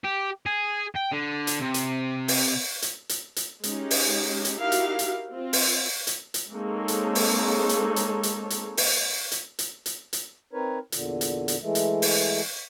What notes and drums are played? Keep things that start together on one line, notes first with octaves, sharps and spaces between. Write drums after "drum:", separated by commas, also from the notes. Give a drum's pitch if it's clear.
G4
G#4
G5
D3
drum: hi-hat
C3
drum: hi-hat
drum: open hi-hat
drum: hi-hat
drum: hi-hat
drum: hi-hat
G#3 C#4 D#4 G4, drum: hi-hat
drum: open hi-hat
drum: hi-hat
D#4 E4 F#4 G4 A#4 F5
drum: hi-hat
drum: hi-hat
C4 F4
drum: open hi-hat
drum: hi-hat
drum: hi-hat
G#3 A#3 C4 D#4 A4 C#5
drum: hi-hat
drum: open hi-hat
drum: hi-hat
drum: hi-hat
drum: hi-hat
drum: hi-hat
drum: open hi-hat
drum: hi-hat
drum: hi-hat
drum: hi-hat
drum: hi-hat
C4 D#4 A#4 B4 C#5
E2 A#2 D3, drum: hi-hat
drum: hi-hat
drum: hi-hat
E3 G#3 A3
drum: hi-hat
drum: open hi-hat